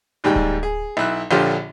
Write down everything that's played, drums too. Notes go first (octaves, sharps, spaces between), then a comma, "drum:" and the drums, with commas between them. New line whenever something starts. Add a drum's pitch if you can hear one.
D#2 G#2 G3 G5
drum: kick D1
G#4
B1 E4 F#6
A#1 D3 F3 F4 G4 C#5